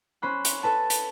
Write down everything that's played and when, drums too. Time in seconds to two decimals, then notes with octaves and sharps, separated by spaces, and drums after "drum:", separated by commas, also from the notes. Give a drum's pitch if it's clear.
0.22 C#4 C5 B5 F#6
0.45 drum: hi-hat
0.63 A4 B4 A5
0.90 drum: hi-hat